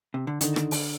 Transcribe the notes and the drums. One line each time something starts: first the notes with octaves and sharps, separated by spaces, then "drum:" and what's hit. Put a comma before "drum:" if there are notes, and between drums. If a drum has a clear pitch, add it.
C3
D3
D3 D#3, drum: hi-hat
drum: rim click
drum: open hi-hat